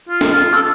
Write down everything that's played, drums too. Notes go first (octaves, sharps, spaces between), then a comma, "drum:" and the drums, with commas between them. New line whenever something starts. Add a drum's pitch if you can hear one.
F4
drum: snare
F4
A4